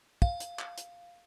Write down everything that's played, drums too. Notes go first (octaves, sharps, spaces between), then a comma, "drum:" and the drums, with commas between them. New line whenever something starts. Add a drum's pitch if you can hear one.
F5, drum: kick
drum: hi-hat
drum: clap
drum: hi-hat